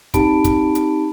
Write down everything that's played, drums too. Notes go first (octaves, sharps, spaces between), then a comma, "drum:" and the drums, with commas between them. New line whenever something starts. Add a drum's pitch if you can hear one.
C4 D#4 G4 A5 B5 D7, drum: kick, hi-hat
drum: kick, hi-hat
drum: hi-hat